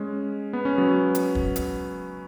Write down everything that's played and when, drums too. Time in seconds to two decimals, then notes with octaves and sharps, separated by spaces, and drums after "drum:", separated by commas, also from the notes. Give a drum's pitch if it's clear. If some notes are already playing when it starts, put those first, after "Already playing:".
Already playing: G#3 C#4
0.53 B3
0.65 C#4
0.78 F#3 B3
1.15 drum: hi-hat
1.35 drum: kick
1.56 drum: hi-hat